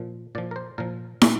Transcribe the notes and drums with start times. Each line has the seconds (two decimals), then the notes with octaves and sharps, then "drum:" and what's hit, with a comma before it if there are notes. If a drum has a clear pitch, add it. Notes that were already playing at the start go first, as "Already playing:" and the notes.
Already playing: A#2 F3
0.35 A#2 F3 D5
0.51 A#4
0.56 C5
0.78 A#2 F3 A#4
1.22 A#2, drum: snare